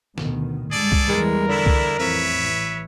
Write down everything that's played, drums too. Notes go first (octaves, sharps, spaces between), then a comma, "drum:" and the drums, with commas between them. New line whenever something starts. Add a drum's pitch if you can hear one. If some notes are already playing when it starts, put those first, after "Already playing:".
D2 B2 D#3, drum: snare
G2 G#3 G#4 A4 D5
drum: kick C2
E2 E3 G3 G#3 A#4
D3 D4 E4
drum: kick C2
A1 F2 E3 B4 C#5 E5